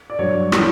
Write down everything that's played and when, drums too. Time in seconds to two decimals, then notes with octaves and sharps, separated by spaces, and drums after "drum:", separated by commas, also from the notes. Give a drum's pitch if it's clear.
0.10 D5
0.19 G2 F#3 C#5
0.52 E3 G3, drum: rim click